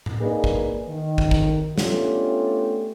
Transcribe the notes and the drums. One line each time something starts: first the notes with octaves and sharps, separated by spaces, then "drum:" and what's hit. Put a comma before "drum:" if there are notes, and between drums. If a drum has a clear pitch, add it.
drum: tom A2
A#3 D4 D#4 G#4 B4
drum: kick
D#3
drum: kick
drum: kick
A3 B3 C#4 D4 F4 G4, drum: snare